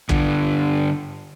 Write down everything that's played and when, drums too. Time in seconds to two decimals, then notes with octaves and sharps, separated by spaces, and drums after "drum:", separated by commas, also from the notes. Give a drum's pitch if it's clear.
0.09 G2 D3, drum: kick